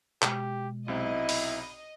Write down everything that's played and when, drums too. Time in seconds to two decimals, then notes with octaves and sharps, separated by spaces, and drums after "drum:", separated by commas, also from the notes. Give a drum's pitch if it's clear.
0.22 B2 G#3 G4, drum: clap
0.88 B1 C3 C4 E4 D#5
1.29 B5, drum: open hi-hat